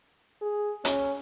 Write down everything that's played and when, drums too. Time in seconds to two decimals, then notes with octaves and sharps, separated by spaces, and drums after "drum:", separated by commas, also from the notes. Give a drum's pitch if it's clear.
0.42 G#4
0.85 C#4, drum: hi-hat